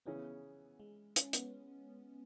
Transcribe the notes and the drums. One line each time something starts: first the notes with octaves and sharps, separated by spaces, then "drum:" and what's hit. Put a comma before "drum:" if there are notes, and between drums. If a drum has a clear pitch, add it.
C#3 E3 B3 C#4 G#4
G#3
C#4, drum: hi-hat
B3, drum: hi-hat